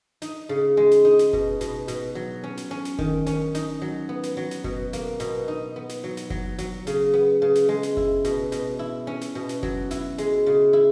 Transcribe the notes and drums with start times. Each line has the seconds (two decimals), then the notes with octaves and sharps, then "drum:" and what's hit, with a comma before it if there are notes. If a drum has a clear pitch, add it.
0.22 D#4, drum: snare
0.49 C#3
0.77 G#3
0.91 drum: snare
1.05 D#4
1.19 drum: snare
1.33 B2, drum: kick F#1
1.61 B2, drum: snare
1.88 B2, drum: snare
2.15 F#3
2.44 C#4
2.57 drum: snare
2.71 C#4
2.85 drum: snare
2.99 D#3, drum: kick F#1
3.26 C#4, drum: snare
3.55 D#4, drum: snare
3.82 F#3
4.09 B3
4.23 drum: snare
4.37 F#3
4.51 drum: snare
4.64 B2, drum: kick F#1
4.93 A#3, drum: snare
5.20 B2, drum: snare
5.48 D#4
5.76 B3
5.89 drum: snare
6.04 F#3
6.17 drum: snare
6.30 F#3, drum: kick F#1
6.58 F#3, drum: snare
6.87 C#3, drum: snare
7.14 B3
7.42 C#3
7.55 drum: snare
7.69 G#3
7.83 drum: snare
7.97 E4, drum: kick F#1
8.24 B2, drum: snare
8.52 B2, drum: snare
8.79 E4
9.07 C#4
9.21 drum: snare
9.35 B2
9.49 drum: snare
9.63 F#3, drum: kick F#1
9.91 E4, drum: snare
10.18 G#3, drum: snare
10.46 C#3
10.73 E4